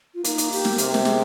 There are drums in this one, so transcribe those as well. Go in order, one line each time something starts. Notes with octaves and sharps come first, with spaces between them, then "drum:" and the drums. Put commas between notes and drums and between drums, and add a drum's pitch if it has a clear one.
F4
A#3 D#4, drum: hi-hat
drum: hi-hat
G4, drum: open hi-hat
drum: snare
C3 A#4, drum: hi-hat
G4, drum: snare
G#4, drum: snare